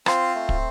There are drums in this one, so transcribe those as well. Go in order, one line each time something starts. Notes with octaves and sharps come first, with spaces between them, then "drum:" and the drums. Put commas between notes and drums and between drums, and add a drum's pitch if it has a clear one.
C4 F4 C5, drum: rim click
A3
drum: kick